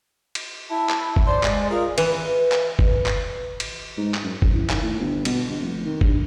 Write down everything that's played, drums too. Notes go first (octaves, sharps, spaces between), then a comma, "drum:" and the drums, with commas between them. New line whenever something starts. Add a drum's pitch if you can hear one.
drum: cymbal
E4 A5
drum: clap
drum: kick
C5 D5
G#3, drum: clap
F4 G#4 A#4
E3 B4, drum: cymbal
drum: clap
drum: kick
drum: clap
drum: cymbal
G#2
drum: clap
F#2
F#2, drum: kick
E3
D#3, drum: clap
A2
G1
B2, drum: cymbal
G1
F1
D#3
G2, drum: kick